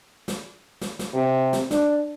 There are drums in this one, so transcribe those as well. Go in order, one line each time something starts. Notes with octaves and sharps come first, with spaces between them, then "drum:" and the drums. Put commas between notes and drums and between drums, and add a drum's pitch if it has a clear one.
drum: snare
drum: snare
drum: snare
C3
drum: snare
D4, drum: snare